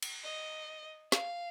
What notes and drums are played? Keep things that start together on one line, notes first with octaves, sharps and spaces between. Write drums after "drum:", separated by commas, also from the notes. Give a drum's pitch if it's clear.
drum: cymbal
D#5
F5, drum: snare